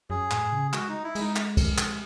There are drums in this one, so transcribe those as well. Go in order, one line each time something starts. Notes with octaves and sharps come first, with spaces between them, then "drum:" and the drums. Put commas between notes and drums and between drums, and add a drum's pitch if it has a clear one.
F#2 G#4
A2, drum: clap
C#3
G#3 F#4, drum: clap
D#4
E4
G#3 D#4, drum: cymbal
drum: clap
drum: kick, cymbal
drum: clap